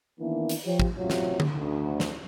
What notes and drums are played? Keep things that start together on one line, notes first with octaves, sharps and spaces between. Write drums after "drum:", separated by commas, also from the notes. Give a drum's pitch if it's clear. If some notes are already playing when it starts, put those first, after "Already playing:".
D#3 E3 A#3 B3 D4 E4
drum: hi-hat
F3 G4 C#5
drum: kick
A1 C3 F#3 F4 C#5
drum: snare
drum: tom D3
D2
drum: snare